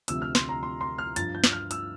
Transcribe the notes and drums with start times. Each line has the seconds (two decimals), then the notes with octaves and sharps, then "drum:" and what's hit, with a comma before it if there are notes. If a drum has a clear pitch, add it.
0.08 D2 C3 F3 E6, drum: hi-hat
0.22 F6
0.35 C6, drum: snare
0.49 A#5
0.63 C6
0.81 C6
0.98 F6
1.16 G2 F3 A6, drum: hi-hat
1.35 G6
1.44 drum: snare
1.53 F6
1.71 E6, drum: hi-hat